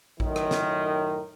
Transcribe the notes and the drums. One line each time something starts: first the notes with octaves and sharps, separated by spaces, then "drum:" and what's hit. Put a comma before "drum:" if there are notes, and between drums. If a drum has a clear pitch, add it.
F#2 A2 D#3, drum: kick A1
drum: rim click
drum: snare